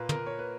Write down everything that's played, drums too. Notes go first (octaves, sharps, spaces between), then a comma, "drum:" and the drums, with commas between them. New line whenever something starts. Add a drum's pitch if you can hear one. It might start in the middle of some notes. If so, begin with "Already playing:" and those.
Already playing: A#2 A#3 B4
A#4, drum: tom
C#5
B4